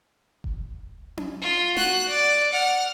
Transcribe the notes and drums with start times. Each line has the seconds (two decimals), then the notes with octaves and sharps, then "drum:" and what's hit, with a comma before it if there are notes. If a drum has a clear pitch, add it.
0.44 drum: kick F1
1.17 drum: tom C#4
1.41 F4
1.77 F#4 F#6, drum: snare
2.08 D5
2.53 F#5 F6